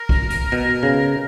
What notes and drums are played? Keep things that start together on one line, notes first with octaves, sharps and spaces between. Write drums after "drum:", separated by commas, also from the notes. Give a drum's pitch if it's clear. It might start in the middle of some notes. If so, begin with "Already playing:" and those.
Already playing: A#4
drum: kick
drum: hi-hat
B2
C#3